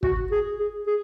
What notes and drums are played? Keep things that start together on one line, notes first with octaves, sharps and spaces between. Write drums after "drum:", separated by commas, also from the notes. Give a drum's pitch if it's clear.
F#4, drum: kick
G#4
G#4
G#4